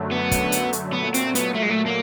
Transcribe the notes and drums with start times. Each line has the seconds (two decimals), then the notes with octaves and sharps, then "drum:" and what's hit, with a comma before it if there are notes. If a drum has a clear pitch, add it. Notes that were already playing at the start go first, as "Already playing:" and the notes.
Already playing: F#2 D3 F#3 A3
0.12 B3
0.32 drum: kick, hi-hat
0.52 drum: hi-hat
0.73 drum: hi-hat
0.93 A#2 F#3 A3 B3
1.14 C4, drum: hi-hat
1.35 B3, drum: hi-hat
1.55 A3
1.62 G#3
1.70 A3
1.86 A#3